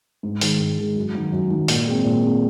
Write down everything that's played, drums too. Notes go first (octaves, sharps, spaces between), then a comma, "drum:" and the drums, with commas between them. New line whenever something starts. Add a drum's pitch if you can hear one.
G#2
D#3 G#3, drum: open hi-hat
G#2
D#3 G#3
F#2
D#3 F#3
F#2
D#3 F#3
A#2, drum: open hi-hat
G#3 C4
A#2
G#3 C4